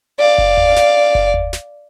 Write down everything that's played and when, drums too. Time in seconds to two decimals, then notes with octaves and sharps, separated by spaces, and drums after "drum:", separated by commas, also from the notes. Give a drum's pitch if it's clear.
0.19 D5 F5
0.38 drum: kick F#1
0.57 drum: tom D#2
0.77 drum: snare
1.15 drum: kick F#1
1.34 drum: tom D#2
1.53 drum: snare